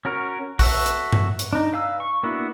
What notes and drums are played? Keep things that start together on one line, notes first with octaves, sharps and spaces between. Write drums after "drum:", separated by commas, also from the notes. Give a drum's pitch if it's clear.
C#4 F#4 A#4
F#4 A4 E5, drum: kick, open hi-hat
drum: hi-hat
drum: tom G2
drum: hi-hat
D4 D#4
B4 F5 G#5 E6
C#6
A#3 B3 D4 E4 F#4